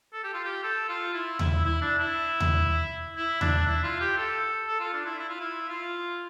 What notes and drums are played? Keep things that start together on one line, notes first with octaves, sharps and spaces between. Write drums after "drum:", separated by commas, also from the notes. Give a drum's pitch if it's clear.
A4
G4
F4
G4
A4
F4
E4
E4, drum: tom D#2
E4
D4
E4
drum: tom D#2
E4
D4, drum: tom D#2
E4
F4
G4
A4
A4
F4
D4
E4
E4
F4
E4
F4